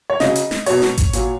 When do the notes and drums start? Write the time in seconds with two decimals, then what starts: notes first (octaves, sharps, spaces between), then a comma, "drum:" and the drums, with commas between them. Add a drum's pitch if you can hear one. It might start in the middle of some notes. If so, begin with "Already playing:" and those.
0.10 C#5
0.20 C#3 F#3 D#5, drum: snare
0.36 drum: hi-hat
0.51 drum: snare
0.66 B2 F#3 C#5, drum: open hi-hat
0.82 drum: snare
0.98 drum: kick G#1, hi-hat
1.13 A#2 F#3, drum: hi-hat